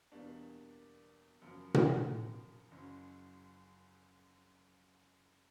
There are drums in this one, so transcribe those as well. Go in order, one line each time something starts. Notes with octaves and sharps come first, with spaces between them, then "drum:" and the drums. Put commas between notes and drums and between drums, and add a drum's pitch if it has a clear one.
E2 B2 G3 A#3 D4
F#2 C#3 F3 A#3
drum: tom A#2
F#1 F#2 C#3